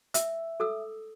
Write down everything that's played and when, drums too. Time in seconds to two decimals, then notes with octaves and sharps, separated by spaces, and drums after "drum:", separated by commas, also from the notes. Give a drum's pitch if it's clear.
0.14 E5 E6, drum: hi-hat
0.60 A4 D#6 E6